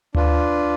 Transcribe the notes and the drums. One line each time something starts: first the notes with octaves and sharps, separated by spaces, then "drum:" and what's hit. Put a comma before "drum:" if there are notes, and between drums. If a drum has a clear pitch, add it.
D4 F4 B4, drum: tom D2